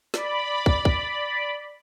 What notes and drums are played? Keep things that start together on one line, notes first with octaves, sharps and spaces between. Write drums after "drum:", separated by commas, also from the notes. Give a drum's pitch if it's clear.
D5 B5, drum: snare
drum: kick
drum: kick